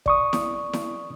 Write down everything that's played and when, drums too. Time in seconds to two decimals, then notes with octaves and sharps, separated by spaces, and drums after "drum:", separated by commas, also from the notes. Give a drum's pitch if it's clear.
0.06 D5 C#6 D#6, drum: kick
0.33 drum: snare E4
0.73 drum: snare E4